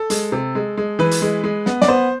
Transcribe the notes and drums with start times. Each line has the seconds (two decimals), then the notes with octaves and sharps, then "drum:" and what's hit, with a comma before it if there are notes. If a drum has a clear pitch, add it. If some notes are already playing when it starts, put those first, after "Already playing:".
Already playing: A4
0.10 G#3, drum: hi-hat
0.32 C3
0.55 G#3
0.77 G#3
0.99 E3 B4
1.11 drum: hi-hat
1.22 G#3
1.44 G#3
1.66 B3, drum: snare
1.82 D5, drum: snare
1.88 B3 C5